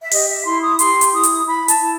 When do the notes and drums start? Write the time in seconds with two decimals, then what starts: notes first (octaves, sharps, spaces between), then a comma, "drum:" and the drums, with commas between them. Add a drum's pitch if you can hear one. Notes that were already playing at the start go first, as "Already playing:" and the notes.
0.01 E5
0.11 G4 D#5, drum: open hi-hat
0.29 E5
0.45 E4 C6
0.61 D#6
0.79 G4 C6, drum: hi-hat
1.01 drum: hi-hat
1.12 E4 D#6
1.23 drum: hi-hat
1.45 E4 B5
1.68 A5, drum: hi-hat
1.79 E4